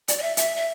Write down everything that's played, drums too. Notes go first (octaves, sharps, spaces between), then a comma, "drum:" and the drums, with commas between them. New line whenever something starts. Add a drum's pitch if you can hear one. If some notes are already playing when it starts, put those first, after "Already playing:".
D5, drum: hi-hat
D5
E5
E5, drum: hi-hat
E5